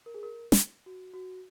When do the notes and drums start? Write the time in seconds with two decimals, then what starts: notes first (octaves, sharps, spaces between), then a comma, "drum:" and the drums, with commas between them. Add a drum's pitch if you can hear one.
0.06 A#4
0.14 G#4
0.23 A#4
0.52 drum: snare
0.86 F#4
1.13 F#4